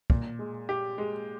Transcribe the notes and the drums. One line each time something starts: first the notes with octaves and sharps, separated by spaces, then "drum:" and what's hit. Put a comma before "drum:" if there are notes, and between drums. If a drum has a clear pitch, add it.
A#2, drum: kick
G#3
G4
G#3